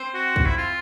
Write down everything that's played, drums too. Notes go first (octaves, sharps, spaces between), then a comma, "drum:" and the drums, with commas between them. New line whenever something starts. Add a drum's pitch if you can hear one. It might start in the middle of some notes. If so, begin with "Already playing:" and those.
Already playing: C4 C5
F#4
drum: kick
E4
F4